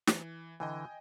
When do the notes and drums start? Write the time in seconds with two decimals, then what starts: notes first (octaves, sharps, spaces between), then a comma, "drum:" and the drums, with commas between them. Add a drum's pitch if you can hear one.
0.07 E3, drum: snare
0.60 D3 E3 D#5 G5 G#5